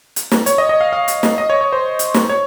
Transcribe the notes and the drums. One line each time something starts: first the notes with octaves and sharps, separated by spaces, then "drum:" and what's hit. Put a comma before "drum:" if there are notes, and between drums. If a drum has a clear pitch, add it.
drum: hi-hat
drum: snare
C#5, drum: hi-hat
D#5
D#5
F5
F5
drum: hi-hat
drum: snare
D#5
C#5
C#5
C5
drum: hi-hat
drum: snare
C#5